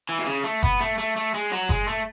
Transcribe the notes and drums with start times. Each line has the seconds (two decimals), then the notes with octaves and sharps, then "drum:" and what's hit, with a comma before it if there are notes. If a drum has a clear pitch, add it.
0.09 E3
0.19 B2
0.26 C#3
0.44 A3
0.63 B3, drum: kick F#1
0.81 A3
0.98 A3
1.16 A3
1.34 G#3
1.52 F#3
1.69 G#3, drum: kick F#1
1.88 A3